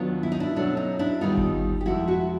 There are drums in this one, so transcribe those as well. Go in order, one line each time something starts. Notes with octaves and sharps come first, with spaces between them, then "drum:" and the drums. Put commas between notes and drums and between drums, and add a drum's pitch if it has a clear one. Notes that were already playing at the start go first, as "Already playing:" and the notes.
Already playing: D#2 D#3 F#3 B3 D4 F4
E4
D#4
D4 E4
B2 F#3 A3 C#4 D4
D#4
D4 E4
D#2 D#3 G3 B3 D#4 F4
drum: kick G1
G4
F2 C3 F3 G#3 E4 F#4
E4 F#4